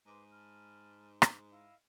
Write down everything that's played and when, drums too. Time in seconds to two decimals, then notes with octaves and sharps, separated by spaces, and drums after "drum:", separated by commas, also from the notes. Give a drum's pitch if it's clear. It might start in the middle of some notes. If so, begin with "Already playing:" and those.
0.06 G#2 B4 C6 D6
0.32 A5 B5 F6
1.22 drum: rim click
1.50 E4 D#5 F5